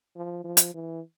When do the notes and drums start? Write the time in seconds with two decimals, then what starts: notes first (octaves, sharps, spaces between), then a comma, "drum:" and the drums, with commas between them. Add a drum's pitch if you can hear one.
0.16 F3
0.44 F3
0.57 drum: hi-hat
0.74 E3